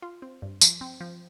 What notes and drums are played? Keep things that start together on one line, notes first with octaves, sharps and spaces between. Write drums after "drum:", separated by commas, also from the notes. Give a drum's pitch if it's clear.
F4
C4
G2
F3, drum: tambourine
C4
F3